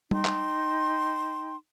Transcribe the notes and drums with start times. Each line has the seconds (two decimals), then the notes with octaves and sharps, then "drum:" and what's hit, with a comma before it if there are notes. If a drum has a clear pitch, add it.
0.11 D#4 G5 C6, drum: tom G3
0.25 drum: clap